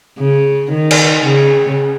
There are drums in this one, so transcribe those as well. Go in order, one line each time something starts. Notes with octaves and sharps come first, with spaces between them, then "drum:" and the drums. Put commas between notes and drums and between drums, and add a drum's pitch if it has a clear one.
C#3
D#3
drum: cymbal
C#3